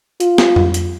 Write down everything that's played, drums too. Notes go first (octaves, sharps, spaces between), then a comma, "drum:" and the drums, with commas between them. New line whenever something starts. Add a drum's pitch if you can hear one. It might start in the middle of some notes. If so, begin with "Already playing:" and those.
F4, drum: hi-hat
drum: snare
drum: tom F2
drum: hi-hat